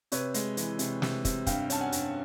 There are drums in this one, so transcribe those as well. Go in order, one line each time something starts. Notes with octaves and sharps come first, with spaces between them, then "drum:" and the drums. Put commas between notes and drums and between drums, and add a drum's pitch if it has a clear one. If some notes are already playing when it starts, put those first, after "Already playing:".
C3 B4 C#5, drum: hi-hat
G#3, drum: hi-hat
E3, drum: hi-hat
C3, drum: hi-hat
C3, drum: snare
C3, drum: kick, hi-hat
G2 F5 G5, drum: kick, hi-hat
C#4 A5, drum: hi-hat
F#5 G#5
G2, drum: hi-hat